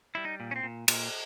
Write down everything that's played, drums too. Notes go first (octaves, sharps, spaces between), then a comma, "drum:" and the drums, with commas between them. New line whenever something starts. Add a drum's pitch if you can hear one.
G3 E4
D#4
A#2
C#4
C4
A#2
A#2, drum: cymbal